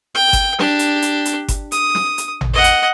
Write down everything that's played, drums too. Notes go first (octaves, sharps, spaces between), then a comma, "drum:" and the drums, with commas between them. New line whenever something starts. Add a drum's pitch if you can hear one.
G5
drum: kick G1, hi-hat
D4 G4, drum: snare
drum: hi-hat
drum: hi-hat
drum: hi-hat
drum: kick G1, hi-hat
D#6, drum: hi-hat
drum: snare
drum: hi-hat
drum: tom A1
D#5 F#5
drum: hi-hat